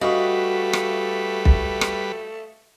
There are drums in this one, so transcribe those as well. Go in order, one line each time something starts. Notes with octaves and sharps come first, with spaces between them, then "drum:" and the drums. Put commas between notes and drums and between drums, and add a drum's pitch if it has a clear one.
G3 A3 F#4 B4 D#5 F5 C#6
drum: rim click
drum: kick B1
drum: rim click